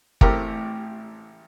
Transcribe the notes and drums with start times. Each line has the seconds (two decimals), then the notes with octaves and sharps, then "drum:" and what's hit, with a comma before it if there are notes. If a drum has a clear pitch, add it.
0.21 A1 A2 A3 C4 G4 A#4, drum: kick